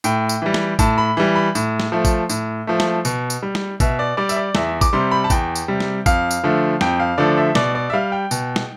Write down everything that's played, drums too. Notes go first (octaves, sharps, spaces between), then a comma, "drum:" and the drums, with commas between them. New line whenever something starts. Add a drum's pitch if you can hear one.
A2 G5, drum: tambourine
drum: tambourine
E3 G3
drum: snare
A2 A5, drum: kick A1, tambourine
B5
E3 G3
B5
A2, drum: tambourine
drum: snare
F3 A3
drum: kick A1, tambourine
A2, drum: tambourine
F3 A3
drum: snare
B2, drum: tambourine
drum: tambourine
G3
drum: snare
B2 E5, drum: kick A1, tambourine
D5
G3 D5
E5, drum: tambourine
D5
E2 E5, drum: snare
D6, drum: kick A1, tambourine
C3 G3 C6
B5
A5
E2 G5, drum: kick A1, tambourine
drum: tambourine
C3 G3
drum: snare
F2 F5, drum: kick A1, tambourine
drum: tambourine
D3 F3 A3
F2 G5, drum: snare
F5
D3 F3 A3 D5
E5
B2 D5, drum: snare
D5
E5
G3 F5
G5
B2, drum: tambourine
drum: snare